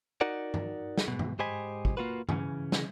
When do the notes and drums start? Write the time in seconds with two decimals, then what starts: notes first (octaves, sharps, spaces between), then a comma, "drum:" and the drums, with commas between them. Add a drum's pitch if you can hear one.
0.21 D#4 F#4 A#4 D5 F#5
0.54 drum: tom G2
0.98 drum: snare
1.08 G#2 B2
1.19 drum: tom G2
1.39 G#2 G4 C5 D#5 G#5 B5
1.85 drum: kick
1.97 A#3 F4 F#4 B4
2.29 C#3 E3 C#4, drum: tom G2
2.72 drum: snare